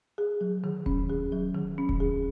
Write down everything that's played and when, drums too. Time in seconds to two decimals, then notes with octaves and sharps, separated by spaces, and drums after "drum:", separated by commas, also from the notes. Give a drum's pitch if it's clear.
0.18 G#4
0.41 F#3
0.64 D#3
0.86 C#4, drum: kick D#1
1.10 G#4
1.32 F#3
1.55 D#3
1.78 C#4
1.89 drum: kick D#1
2.00 G#4